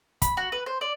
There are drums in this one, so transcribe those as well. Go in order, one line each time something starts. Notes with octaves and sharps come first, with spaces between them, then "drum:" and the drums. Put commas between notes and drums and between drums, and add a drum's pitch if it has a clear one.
B5, drum: kick, hi-hat
F#4
B4
C5
D5